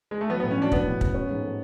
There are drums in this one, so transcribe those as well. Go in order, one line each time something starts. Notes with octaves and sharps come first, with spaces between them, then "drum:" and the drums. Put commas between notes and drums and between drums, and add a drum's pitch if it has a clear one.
G#3
A3
F#3 B3
A2 B3
C#4
F#3 D4
F#3 B3, drum: kick
A2
C#4, drum: kick
C#4
G#2
A3